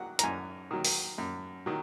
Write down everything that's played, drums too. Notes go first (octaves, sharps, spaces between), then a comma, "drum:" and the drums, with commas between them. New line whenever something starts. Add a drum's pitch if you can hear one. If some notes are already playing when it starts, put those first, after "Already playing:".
Already playing: D#3 F#3 F#5
A#5, drum: hi-hat
F#2 G#5
D#3 F#3
drum: open hi-hat
F#2
D#3 F#3